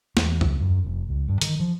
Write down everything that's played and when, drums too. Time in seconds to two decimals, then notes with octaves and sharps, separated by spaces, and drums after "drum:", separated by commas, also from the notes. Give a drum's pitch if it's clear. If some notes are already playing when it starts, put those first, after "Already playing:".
0.17 E2, drum: snare
0.41 C#2, drum: tom E2
0.61 F#2
0.85 F1
1.09 C#2
1.29 G2
1.41 D#3, drum: hi-hat
1.59 F3